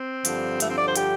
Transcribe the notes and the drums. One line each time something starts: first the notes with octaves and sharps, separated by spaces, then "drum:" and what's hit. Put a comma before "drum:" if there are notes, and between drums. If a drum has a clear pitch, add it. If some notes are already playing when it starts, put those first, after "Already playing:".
Already playing: C4
G2 D3 F3, drum: hi-hat
A3, drum: hi-hat
C4
D5
C5
G4, drum: hi-hat